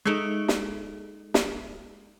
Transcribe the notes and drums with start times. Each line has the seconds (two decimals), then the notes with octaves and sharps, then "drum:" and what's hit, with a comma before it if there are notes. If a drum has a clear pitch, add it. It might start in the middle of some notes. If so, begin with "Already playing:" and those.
0.05 G#3 D#4 G#4 A4 E5
0.48 drum: snare
1.34 drum: snare